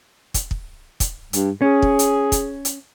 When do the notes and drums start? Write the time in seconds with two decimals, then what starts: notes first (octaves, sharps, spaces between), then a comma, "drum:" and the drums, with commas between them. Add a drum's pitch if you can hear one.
0.34 drum: kick, hi-hat
0.51 drum: kick
1.00 drum: kick, hi-hat
1.33 G2, drum: hi-hat
1.62 C#4 G#4
1.82 drum: kick
1.99 drum: hi-hat
2.32 drum: kick, hi-hat
2.65 drum: hi-hat